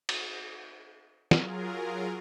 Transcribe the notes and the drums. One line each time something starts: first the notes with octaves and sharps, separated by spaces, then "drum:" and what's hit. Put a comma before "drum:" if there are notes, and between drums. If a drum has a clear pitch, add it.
drum: cymbal
F#3 F4 G#4 A#4, drum: snare